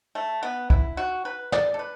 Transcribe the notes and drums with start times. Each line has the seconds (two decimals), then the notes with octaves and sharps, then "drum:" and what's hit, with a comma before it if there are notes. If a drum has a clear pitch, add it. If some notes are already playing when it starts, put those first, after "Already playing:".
0.15 A3
0.43 B3
0.70 E4, drum: kick B1
0.97 F#4
1.25 B4
1.52 D5, drum: snare
1.74 A4
1.79 B4